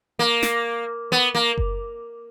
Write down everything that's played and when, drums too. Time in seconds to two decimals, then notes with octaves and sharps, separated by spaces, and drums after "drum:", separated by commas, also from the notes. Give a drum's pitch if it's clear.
0.19 A#3
0.43 drum: snare
1.12 B3
1.35 A#3
1.58 drum: kick F#1